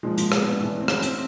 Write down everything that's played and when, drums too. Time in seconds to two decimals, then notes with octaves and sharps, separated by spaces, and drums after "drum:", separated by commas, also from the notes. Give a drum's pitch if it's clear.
0.03 A#2 F3 G#3
0.18 G#3, drum: hi-hat
0.32 drum: rim click
0.41 B3
0.51 D4
0.60 A2 E3
0.80 C4
0.88 C#4, drum: rim click
1.02 C4, drum: hi-hat